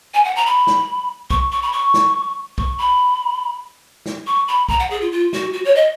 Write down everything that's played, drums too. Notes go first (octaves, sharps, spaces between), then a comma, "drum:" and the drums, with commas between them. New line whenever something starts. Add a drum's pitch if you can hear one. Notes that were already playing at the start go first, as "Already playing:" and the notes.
G#5
F#5
A#5
B5
drum: snare
C#6, drum: kick
C#6
B5
C#6
drum: snare
C#6, drum: kick
B5
drum: snare
C#6
B5
A#5, drum: kick
F#5
G#4
F4
F4
F#4, drum: snare
F#4
C#5
D#5